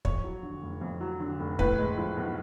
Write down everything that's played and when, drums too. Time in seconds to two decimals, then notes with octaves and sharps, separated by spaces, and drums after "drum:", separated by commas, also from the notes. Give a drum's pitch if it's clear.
0.05 F2 C#5, drum: kick
0.24 F#3
0.43 D3
0.63 F1
0.81 F2
1.01 F#3
1.20 D3
1.39 F1
1.59 A2 B4, drum: kick
1.79 G#3
1.98 F3
2.17 B1